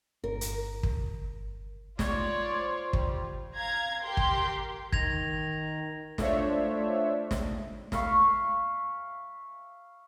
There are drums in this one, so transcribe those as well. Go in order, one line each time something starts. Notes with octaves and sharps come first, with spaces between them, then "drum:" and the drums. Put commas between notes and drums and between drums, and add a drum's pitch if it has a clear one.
G1 A#4
drum: hi-hat
drum: kick
F4 C#5 D5, drum: snare
C5
G3, drum: kick
F5 A#5 G#6
G4 A#4 C6 G6
drum: kick
D#3 G#6 A#6 F7, drum: kick
A3 D4 F4 C5 C#5 E5, drum: snare
drum: snare
E5 F5 B5 C#6, drum: snare